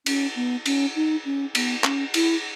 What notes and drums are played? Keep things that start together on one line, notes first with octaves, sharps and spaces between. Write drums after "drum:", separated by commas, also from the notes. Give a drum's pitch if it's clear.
C#4, drum: cymbal
B3
C#4, drum: cymbal
D#4
C#4
B3, drum: cymbal
C#4, drum: clap
E4, drum: cymbal